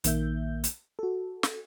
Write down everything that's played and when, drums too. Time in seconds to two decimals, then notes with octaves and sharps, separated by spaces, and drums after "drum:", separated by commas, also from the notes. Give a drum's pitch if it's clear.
0.04 A#1 D#3 A#3 E5 G6, drum: hi-hat
0.64 drum: hi-hat
0.99 F#4 A4
1.43 drum: snare